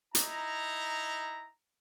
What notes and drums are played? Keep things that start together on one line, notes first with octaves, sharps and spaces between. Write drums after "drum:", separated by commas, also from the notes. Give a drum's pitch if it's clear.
D#4 E4 A#5, drum: hi-hat